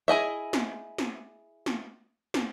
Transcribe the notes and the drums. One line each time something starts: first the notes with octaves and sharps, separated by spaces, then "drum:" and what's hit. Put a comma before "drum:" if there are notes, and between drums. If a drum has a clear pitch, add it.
E4 G#4 D#5 E5
drum: snare
drum: snare
drum: snare
drum: snare